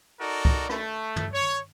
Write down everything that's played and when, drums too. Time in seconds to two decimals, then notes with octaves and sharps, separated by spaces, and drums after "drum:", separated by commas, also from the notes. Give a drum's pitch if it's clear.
0.20 D#4 F#4 A4 A#4 D5
0.45 drum: kick
0.69 A3, drum: rim click
1.16 drum: tom
1.33 C#5